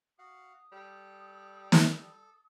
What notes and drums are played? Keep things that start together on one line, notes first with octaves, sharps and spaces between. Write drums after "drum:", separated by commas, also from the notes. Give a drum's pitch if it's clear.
F#4 F5 F#5 D#6
G3 A4
drum: snare